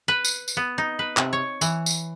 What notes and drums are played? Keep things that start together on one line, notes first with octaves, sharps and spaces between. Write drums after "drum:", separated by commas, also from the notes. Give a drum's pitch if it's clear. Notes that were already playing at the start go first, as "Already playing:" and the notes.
B4
drum: tambourine
drum: tambourine
B3
D#4
B4
C3, drum: clap
C#5
E3, drum: tambourine
drum: tambourine